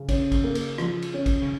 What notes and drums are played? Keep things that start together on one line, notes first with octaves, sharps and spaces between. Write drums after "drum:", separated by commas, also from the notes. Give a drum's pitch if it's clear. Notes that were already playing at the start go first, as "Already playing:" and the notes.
Already playing: C#3
C#4, drum: kick, cymbal
drum: kick, cymbal
A#3
drum: cymbal
F3, drum: rim click
drum: cymbal
C#4
drum: kick, cymbal
C#3